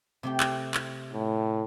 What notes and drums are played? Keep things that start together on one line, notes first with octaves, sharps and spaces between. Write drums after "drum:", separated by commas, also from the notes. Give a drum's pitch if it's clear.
C3 A3 G4
drum: clap
drum: clap
A2